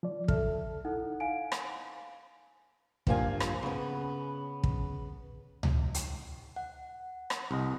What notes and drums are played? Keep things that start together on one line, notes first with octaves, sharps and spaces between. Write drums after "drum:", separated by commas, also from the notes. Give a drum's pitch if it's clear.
F3 D5
A4 E5 F6, drum: kick
D#4 E4 A4 F#5
F5 G#5 D7
drum: rim click
G2 F3 A#3 F4 G#5, drum: kick
drum: rim click
C#3 B3
drum: kick
drum: tom C#2
drum: hi-hat
F#5
drum: rim click
C2 D#5